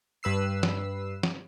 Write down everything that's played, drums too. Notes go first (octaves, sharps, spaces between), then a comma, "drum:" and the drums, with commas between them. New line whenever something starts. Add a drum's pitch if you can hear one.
G2 B4 E6 C7
drum: snare
drum: snare